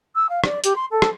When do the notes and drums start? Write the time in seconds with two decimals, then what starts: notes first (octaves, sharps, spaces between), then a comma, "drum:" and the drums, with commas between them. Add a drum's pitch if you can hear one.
0.15 E6
0.29 F5
0.44 D5, drum: rim click
0.64 G4, drum: hi-hat
0.75 C6
0.91 A4
1.02 drum: rim click